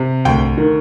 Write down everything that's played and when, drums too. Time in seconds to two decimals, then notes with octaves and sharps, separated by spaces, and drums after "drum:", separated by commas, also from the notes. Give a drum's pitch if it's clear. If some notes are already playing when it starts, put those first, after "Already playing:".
Already playing: C3
0.25 D2 G5, drum: tom
0.58 D#3